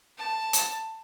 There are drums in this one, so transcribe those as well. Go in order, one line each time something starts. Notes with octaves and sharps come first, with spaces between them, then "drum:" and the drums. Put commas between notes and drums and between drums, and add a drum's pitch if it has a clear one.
A5
drum: hi-hat